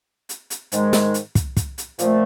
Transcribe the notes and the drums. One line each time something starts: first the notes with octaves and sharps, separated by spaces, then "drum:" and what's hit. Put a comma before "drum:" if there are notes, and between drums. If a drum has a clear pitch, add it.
drum: hi-hat
drum: hi-hat
G#2 D#3 G#3, drum: hi-hat
drum: snare
drum: hi-hat
drum: kick, hi-hat
drum: kick, hi-hat
drum: hi-hat
A#2 F3 A3 C4, drum: hi-hat